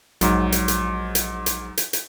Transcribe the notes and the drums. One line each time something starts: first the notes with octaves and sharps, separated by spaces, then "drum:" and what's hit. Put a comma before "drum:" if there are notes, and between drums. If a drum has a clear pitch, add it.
A#1 G#2 F#3, drum: hi-hat
drum: hi-hat
drum: hi-hat
drum: hi-hat
drum: hi-hat
drum: hi-hat
drum: hi-hat